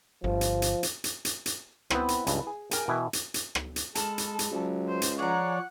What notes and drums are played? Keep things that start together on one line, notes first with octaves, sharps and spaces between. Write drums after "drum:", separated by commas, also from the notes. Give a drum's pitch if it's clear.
G1 F3
drum: hi-hat
drum: hi-hat
drum: hi-hat
drum: hi-hat
drum: hi-hat
drum: hi-hat
B3 C4 E4 B4, drum: rim click
drum: hi-hat
C#2 G2, drum: hi-hat
G#4
G#4 A#4 G5 G#5, drum: hi-hat
B2 E3 E4
drum: hi-hat
drum: hi-hat
drum: rim click
drum: hi-hat
G#3 A4 A5 B5 F6, drum: hi-hat
drum: hi-hat
drum: hi-hat
C#2 F#3
C5
drum: hi-hat
F3 G#4 C#5 D5 F#5 A#5